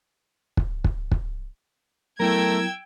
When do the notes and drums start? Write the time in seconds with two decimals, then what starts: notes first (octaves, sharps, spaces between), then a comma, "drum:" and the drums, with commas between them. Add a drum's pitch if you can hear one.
0.57 drum: kick
0.84 drum: kick
1.11 drum: kick
2.20 F#3 A3 B3 E4 A#4 G5 E6 G#6